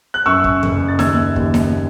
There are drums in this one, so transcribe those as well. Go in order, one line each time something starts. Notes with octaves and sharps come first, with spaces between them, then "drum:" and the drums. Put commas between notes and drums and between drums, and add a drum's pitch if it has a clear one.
F#6
F#2 C#6 E6
drum: kick
F#1, drum: tom F2
A6
D#2 E6 G#6, drum: snare D#4
D#2, drum: kick
drum: snare D#4